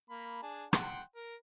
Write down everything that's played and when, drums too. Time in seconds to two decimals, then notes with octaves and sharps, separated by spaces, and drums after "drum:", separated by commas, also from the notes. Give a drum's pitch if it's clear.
0.10 A#3 B5
0.43 D4 G#4
0.73 F#5 G5 C6, drum: rim click
1.16 A#4